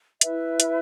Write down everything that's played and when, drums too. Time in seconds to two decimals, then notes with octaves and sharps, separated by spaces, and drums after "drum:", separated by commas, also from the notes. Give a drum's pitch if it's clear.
0.21 E4 B4 E5, drum: hi-hat
0.60 drum: hi-hat